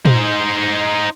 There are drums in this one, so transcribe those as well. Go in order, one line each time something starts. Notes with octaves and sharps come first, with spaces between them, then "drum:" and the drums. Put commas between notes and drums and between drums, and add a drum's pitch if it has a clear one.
D#4 C5, drum: tom